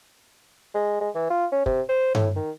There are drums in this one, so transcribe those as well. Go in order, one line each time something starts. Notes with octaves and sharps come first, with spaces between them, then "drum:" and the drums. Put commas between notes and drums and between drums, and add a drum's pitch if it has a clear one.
G#3
G#3
E3
F4
C#4
C3, drum: kick
C5
A2, drum: tom G2
D#3